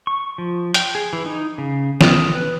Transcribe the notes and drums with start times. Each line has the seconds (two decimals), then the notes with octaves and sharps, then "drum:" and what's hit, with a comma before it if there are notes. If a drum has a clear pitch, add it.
0.07 C#6
0.38 F3
0.74 G5, drum: hi-hat
0.95 G#4
1.13 E3
1.26 D#4
1.58 C#3
2.01 D#6, drum: snare
2.34 B4